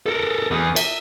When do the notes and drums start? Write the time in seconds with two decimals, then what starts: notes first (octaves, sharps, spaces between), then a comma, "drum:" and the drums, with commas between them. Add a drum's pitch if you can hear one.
0.06 A4 A#4
0.51 E2
0.76 E5, drum: cymbal